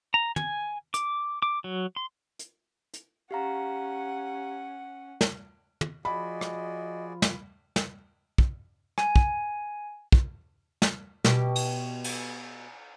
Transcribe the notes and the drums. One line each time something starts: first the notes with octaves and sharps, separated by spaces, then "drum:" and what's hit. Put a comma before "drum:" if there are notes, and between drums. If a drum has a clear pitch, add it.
A#5
G#5, drum: tom
D6, drum: hi-hat
D6
F#3
C6
drum: hi-hat
drum: hi-hat
C#4 G4 F5 F#5 A#5
drum: snare
drum: tom
F3 F4 F#4 G#4 D5 D#5 B5
drum: rim click
drum: snare
drum: snare
drum: kick
G#5, drum: rim click
drum: kick
drum: kick
drum: snare
B2 G4, drum: snare
drum: cymbal
drum: cymbal